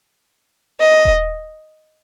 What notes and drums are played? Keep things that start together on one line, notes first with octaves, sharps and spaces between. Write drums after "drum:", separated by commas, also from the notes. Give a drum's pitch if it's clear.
D#5
drum: kick D#1